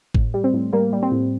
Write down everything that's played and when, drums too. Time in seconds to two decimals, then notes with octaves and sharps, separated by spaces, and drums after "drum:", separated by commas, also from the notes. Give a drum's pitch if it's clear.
0.14 A2, drum: kick G#1
0.34 G3
0.44 C4
0.54 A2
0.73 G3 A#3
0.93 G3
1.03 C4
1.12 A2